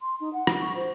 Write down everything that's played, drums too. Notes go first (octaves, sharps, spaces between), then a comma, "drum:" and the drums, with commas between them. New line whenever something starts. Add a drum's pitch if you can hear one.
C6
D#4
F#5
drum: rim click
C#6
C5